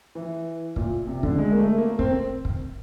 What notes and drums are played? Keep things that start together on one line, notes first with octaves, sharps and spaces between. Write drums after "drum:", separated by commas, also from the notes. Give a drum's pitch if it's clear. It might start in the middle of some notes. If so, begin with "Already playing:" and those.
E3
A#2, drum: kick
C3
D3, drum: kick
G#3
A#3
A3
A#3
C4, drum: kick
drum: kick